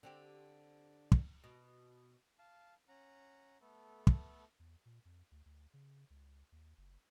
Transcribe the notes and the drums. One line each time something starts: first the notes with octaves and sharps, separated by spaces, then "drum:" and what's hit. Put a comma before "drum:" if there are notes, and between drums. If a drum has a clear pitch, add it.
D3 C4 G4
drum: kick
B2
F5 A5
C#4 F#5 A#5
A3 B3 A4
drum: kick
E2
A#2
F2
D2
D2
C#3
C#2
D#2
F#1